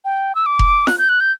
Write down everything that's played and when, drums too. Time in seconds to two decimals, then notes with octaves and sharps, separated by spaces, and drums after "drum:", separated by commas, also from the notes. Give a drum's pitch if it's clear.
0.05 G5
0.35 E6
0.46 D6
0.59 drum: kick F1
0.87 F#6, drum: snare F4
0.98 G6
1.09 F#6
1.20 G6